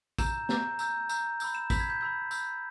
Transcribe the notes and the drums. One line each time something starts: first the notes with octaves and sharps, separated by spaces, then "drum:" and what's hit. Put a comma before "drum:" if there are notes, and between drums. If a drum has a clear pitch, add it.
A#5 E6 G6 E7, drum: kick A1, tambourine
A#5 E6 G6, drum: snare
A#5 E6 G6, drum: tambourine
A#5 E6 G6, drum: tambourine
B5 E6 G6, drum: tambourine
E7
B5 E6 G6 B6, drum: kick A1, tambourine
G#6
G6
B5 E6 G6
B5 E6 G6, drum: tambourine